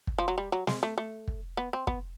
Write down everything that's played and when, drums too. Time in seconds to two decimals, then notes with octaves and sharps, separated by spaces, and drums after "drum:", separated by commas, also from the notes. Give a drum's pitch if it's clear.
0.07 drum: kick
0.18 F3
0.28 F#3
0.38 G3
0.52 F#3
0.67 G#3, drum: snare
0.83 A3
0.98 A3
1.28 drum: kick
1.57 B3
1.73 C4
1.87 B3, drum: kick